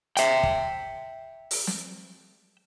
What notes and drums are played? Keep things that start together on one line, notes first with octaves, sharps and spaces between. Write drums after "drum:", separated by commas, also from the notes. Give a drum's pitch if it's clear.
E5 G5, drum: hi-hat
drum: kick
drum: open hi-hat
drum: snare